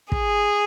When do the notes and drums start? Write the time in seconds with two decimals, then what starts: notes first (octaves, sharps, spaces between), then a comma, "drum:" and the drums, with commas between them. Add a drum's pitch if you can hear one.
0.12 G#4, drum: kick